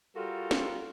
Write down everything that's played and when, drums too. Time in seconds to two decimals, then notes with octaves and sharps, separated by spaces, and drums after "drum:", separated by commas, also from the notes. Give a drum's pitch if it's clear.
0.14 G3 F4 F#4 A4 A#4
0.51 drum: snare